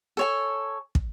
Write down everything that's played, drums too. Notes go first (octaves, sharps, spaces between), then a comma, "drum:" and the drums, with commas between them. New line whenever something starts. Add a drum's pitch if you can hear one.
A4 C#5 G#5
drum: kick